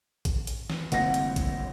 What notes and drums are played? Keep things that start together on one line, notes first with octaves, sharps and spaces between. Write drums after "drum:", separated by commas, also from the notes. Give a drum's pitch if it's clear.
drum: kick A1, hi-hat
drum: hi-hat
drum: snare
F1 C2 D3 A#3 C4 F#5 A#6, drum: hi-hat
drum: hi-hat
drum: kick A1, hi-hat